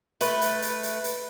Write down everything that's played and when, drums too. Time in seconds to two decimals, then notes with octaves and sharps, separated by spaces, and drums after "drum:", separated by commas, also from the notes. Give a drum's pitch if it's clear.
0.21 A3 B4, drum: hi-hat
0.41 drum: hi-hat
0.62 drum: hi-hat
0.83 drum: hi-hat
1.04 drum: hi-hat